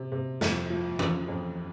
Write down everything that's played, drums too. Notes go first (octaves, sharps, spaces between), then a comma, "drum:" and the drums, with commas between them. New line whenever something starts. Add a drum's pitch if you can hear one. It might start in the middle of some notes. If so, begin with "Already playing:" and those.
Already playing: C3
C3
F2, drum: snare
F3
F2, drum: tom E3
F2